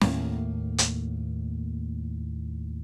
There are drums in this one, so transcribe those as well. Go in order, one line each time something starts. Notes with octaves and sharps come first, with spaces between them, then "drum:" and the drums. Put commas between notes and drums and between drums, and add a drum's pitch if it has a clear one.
D#2 A2 A#3, drum: snare
drum: hi-hat